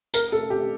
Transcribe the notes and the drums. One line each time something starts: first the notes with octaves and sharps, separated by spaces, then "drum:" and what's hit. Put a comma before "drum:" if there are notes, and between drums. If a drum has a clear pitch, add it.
A#4, drum: tambourine
A4
G4